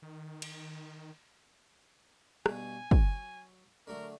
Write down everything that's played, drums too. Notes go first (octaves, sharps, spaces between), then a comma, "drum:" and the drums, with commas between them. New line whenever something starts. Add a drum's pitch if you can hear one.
D#3
drum: cymbal
G2 B2 G#5, drum: rim click
F#3, drum: kick
D3 F#3 A3 A#4